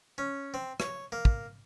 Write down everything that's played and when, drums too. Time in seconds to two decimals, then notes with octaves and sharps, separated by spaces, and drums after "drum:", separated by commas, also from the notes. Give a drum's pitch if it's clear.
0.18 C#4
0.54 C4
0.80 C#5, drum: rim click
1.12 A#3
1.25 drum: kick